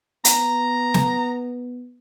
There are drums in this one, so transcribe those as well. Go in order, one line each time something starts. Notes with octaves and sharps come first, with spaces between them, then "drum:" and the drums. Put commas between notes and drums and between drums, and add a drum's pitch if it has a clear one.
B3 A#5, drum: hi-hat
drum: snare